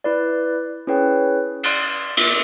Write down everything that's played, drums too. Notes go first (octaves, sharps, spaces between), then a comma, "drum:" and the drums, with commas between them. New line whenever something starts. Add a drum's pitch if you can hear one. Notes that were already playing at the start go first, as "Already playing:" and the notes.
E4 B4 D5
C#4 E4 G#4 B4 C#5 G5
D5 C6 F6 F#6 C7, drum: cymbal
drum: cymbal